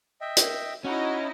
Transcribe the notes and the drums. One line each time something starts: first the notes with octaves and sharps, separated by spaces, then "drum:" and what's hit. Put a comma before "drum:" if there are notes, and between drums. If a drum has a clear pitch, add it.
D#5 E5 G5
drum: hi-hat
C#4 D#4 E4 F#4 D#5